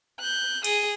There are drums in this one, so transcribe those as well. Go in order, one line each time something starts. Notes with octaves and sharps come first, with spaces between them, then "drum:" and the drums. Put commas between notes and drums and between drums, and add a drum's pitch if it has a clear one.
F#6 G6
G#4 D#6, drum: cymbal